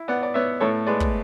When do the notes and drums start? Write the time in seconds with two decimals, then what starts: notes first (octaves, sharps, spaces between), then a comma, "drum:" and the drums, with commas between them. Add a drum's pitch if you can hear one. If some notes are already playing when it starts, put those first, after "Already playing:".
Already playing: E4
0.08 B3 D5 F#5
0.23 D5
0.34 B3 C#5 E5
0.60 A2 A4 C#5
0.87 G#3 B4 D5
1.00 drum: kick